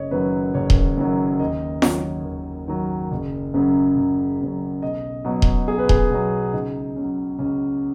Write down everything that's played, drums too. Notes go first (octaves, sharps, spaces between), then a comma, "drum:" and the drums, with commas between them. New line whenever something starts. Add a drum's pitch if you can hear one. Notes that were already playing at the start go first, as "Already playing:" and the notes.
Already playing: F#1 C#5 D#5
F#2 D#3 F#3 B4
F#1 C#5
drum: kick D#1
F#2 D#3 F#3
D#2 D#5
D#3 F#3 C#5, drum: snare F4
D#2
D#3 F#3
F#1
F#2 C#3 F#3
F#1
F#2 C#3 F#3
B1 D#5
B2 F#3
drum: kick D#1
B1 G#4
B4
G#4, drum: kick D#1
B2 F#3
C#2 D#4
C#3 F#3 C#4
C#2 C#4